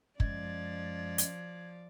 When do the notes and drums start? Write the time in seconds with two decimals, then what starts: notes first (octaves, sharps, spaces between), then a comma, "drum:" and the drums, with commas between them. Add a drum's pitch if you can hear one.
0.20 F#2 F3 G#3 D5 G#6 A6, drum: kick
1.18 drum: hi-hat